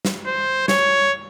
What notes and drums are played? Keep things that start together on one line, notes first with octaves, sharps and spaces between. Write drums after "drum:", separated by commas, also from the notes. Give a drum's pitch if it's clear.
drum: snare
C5
C#5, drum: snare